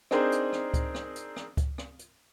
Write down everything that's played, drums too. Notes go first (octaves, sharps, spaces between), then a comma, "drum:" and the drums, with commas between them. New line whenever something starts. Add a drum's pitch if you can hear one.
C4 D4 D#4 G#4 A#4 C5, drum: rim click
drum: hi-hat
drum: rim click
drum: kick C#2, hi-hat
drum: rim click
drum: hi-hat
drum: rim click
drum: kick C#2, hi-hat
drum: rim click
drum: hi-hat